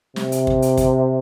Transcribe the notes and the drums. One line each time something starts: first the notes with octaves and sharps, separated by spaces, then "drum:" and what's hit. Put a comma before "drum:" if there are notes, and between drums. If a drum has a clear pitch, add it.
C3, drum: snare
drum: hi-hat
drum: kick
drum: hi-hat
drum: kick, hi-hat